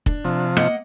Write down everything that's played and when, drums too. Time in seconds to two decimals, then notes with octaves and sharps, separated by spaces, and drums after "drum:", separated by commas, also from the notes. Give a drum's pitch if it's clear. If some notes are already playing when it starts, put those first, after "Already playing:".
0.06 D4, drum: kick
0.25 C3 F3
0.57 A#3 D#5 F#5, drum: rim click